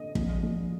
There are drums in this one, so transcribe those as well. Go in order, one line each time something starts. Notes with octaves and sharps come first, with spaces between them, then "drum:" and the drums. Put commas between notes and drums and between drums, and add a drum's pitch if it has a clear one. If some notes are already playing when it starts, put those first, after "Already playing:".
Already playing: D3 D#5
A#1, drum: kick
A#1